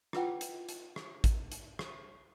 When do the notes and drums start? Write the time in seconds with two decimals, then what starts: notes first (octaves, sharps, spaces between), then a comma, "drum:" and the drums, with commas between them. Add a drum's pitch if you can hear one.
0.13 E4 F4 B4 F#5 G5, drum: rim click
0.41 drum: hi-hat
0.69 drum: hi-hat
0.96 drum: rim click
1.24 drum: kick A1, hi-hat
1.52 drum: hi-hat
1.79 drum: rim click